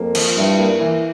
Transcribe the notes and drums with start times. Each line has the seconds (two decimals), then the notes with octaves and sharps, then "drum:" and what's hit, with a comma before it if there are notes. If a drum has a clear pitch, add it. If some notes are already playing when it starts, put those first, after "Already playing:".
Already playing: F2 A#3
0.15 F3, drum: cymbal
0.37 G2 E4
0.59 A#3
0.80 E3